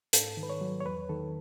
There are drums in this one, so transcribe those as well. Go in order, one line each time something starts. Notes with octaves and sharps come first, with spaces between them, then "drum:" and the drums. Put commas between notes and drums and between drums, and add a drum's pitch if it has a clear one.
G#2 A4, drum: hi-hat
D#3
B4
C#5
F#3
C#5
E2 B4
D#3 A4